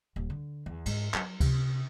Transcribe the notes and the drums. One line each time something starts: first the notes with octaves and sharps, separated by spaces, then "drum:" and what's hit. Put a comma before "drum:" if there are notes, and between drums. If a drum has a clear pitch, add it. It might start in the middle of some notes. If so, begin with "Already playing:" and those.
D#1
D3
E2
G#2, drum: cymbal
F#3, drum: clap
C3, drum: kick C#2, cymbal